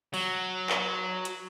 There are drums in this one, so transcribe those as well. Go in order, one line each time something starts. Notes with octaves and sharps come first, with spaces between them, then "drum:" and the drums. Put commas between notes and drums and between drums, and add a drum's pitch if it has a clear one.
F#3, drum: open hi-hat
drum: clap
drum: hi-hat